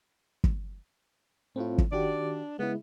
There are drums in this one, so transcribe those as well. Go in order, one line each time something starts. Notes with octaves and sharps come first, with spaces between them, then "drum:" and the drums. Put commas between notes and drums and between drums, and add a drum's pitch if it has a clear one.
drum: kick
A2 C4 F4
drum: kick
D#3 D4 F#4 G4 D5
C#3 G#3 B3 E4